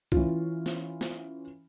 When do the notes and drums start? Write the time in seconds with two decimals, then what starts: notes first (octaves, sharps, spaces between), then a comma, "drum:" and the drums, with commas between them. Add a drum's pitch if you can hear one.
0.12 E3 C#4 F4, drum: kick
0.66 drum: snare
1.01 drum: snare